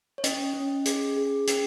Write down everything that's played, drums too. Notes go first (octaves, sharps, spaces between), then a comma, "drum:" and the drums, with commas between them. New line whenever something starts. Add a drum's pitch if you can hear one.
C#5
C#4 D#5, drum: hi-hat
C#4
G#4, drum: hi-hat
G#4
C#4, drum: hi-hat